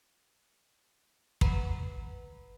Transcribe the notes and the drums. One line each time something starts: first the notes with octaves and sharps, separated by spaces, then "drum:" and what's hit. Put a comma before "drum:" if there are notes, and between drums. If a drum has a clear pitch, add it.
B4 F#5 A#5 B5, drum: kick